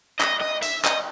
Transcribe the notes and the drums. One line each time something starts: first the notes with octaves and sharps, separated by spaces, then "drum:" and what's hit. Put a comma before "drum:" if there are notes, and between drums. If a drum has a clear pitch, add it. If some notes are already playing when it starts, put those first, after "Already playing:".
D#5, drum: clap
D#5
E5, drum: hi-hat
D#5, drum: clap